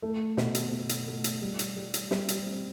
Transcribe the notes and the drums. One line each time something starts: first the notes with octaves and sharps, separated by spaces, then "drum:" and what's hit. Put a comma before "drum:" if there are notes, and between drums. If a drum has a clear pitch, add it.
A3
B2, drum: snare
drum: hi-hat
B2
drum: hi-hat
A3
drum: hi-hat
G3
drum: hi-hat
G3
drum: hi-hat
G3, drum: snare
drum: hi-hat
C4